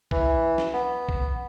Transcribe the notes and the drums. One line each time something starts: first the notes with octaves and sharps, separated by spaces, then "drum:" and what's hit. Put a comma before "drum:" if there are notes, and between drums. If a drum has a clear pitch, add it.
E3, drum: kick B1
drum: snare
B3
drum: kick B1